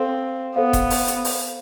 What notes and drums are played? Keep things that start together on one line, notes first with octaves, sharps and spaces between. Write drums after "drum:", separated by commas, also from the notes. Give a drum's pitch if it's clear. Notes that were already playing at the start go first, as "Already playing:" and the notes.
Already playing: C4 A4 C5 F5
B3 A4 C5 F5
drum: kick E1, hi-hat
drum: open hi-hat
drum: hi-hat
drum: open hi-hat